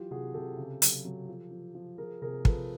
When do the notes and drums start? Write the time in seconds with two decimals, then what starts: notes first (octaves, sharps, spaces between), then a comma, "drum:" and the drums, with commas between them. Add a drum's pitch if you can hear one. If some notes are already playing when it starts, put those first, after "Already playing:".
Already playing: E3 F#3 F4 G4
0.11 C3 F#4 G#4
0.34 C3 G4 A4
0.57 C#3
0.82 F#3, drum: hi-hat
1.05 F#3
1.29 F3
1.51 F3
1.75 F3
1.98 F3 G#4 A#4
2.22 C3 G#4 A#4
2.45 F3 A4 B4, drum: kick